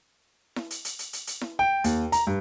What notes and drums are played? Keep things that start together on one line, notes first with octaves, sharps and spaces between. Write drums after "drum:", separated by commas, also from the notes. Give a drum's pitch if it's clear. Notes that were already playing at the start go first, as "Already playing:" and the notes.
drum: snare E4
drum: hi-hat
drum: hi-hat
drum: hi-hat
drum: hi-hat
drum: hi-hat
drum: snare E4
G5
D#2, drum: hi-hat
A#5, drum: hi-hat
G2